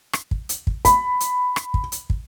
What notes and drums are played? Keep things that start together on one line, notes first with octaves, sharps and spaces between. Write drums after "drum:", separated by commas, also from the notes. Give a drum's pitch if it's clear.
drum: rim click
drum: kick
drum: hi-hat
drum: kick
B5, drum: kick, hi-hat
drum: hi-hat
drum: rim click
drum: kick
drum: hi-hat
drum: kick